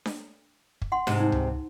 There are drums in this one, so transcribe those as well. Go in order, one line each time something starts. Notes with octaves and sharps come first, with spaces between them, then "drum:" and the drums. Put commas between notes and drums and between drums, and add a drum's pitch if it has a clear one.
drum: snare D4
drum: kick
F#5 C6
G#2 C3, drum: snare D4
D#4
drum: tom C#2